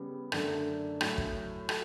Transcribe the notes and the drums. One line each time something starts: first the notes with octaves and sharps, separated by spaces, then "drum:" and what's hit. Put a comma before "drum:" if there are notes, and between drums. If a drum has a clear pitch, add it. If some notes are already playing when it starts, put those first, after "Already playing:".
Already playing: C#3 G3 B3
F#2 D3 A3 D4, drum: rim click
A2 F#3 A3, drum: rim click
drum: kick
F#4 A4, drum: rim click